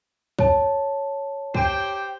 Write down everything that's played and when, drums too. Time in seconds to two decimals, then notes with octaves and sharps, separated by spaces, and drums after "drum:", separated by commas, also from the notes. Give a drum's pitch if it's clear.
0.39 C#5 A5, drum: kick
1.55 G4 C5 G5, drum: kick